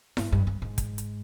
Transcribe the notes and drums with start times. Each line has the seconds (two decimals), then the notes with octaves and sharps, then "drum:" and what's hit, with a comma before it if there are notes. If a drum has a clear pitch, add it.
0.17 G#2, drum: snare E4
0.32 G2
0.47 G2
0.62 G#2
0.78 drum: kick, hi-hat
0.98 drum: hi-hat